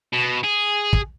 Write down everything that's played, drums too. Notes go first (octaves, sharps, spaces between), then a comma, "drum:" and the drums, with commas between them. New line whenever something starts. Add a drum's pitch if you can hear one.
B2
G#4
drum: kick